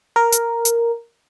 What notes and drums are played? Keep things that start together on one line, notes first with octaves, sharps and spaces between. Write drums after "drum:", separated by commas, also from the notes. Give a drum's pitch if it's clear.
A#4
drum: hi-hat
drum: hi-hat